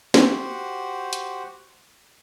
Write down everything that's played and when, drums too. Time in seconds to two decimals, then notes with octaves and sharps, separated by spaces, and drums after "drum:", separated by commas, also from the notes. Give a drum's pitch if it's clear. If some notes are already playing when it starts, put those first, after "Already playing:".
0.14 F#4 G4 C5 F#5, drum: snare
1.13 drum: hi-hat